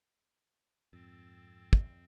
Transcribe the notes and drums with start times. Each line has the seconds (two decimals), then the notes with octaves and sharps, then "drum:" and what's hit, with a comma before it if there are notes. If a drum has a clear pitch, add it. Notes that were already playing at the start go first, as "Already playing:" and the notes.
0.93 F2 G#2 C4 E6 A6
1.73 drum: kick